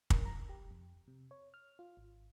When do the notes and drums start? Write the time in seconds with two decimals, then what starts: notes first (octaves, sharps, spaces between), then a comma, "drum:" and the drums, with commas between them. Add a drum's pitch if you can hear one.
0.10 A#4, drum: kick
0.25 A#5
0.49 G4
0.71 F2
1.08 C3
1.31 C#5
1.54 F6
1.79 F4
1.97 G#1